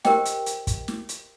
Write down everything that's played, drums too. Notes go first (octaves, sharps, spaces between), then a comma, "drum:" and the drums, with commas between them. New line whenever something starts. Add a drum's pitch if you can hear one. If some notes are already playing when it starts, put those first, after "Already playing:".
G4 A#4 C5 D#5 G5, drum: snare
drum: hi-hat
drum: hi-hat
drum: kick, hi-hat
drum: snare
drum: hi-hat